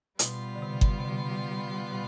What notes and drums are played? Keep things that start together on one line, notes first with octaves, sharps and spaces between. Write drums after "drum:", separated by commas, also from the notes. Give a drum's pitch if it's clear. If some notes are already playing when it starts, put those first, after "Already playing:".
B2 G3 B3 F4, drum: hi-hat
D3
C3
drum: kick G1
C3
D3
B2